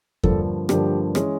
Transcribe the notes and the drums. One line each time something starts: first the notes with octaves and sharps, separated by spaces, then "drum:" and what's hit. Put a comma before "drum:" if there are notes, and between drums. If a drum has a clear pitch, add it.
G2 D3 F3 A#3 A4, drum: kick E2
G2 D3 F3 A#3 G4, drum: rim click
E3 G#3 C#4, drum: rim click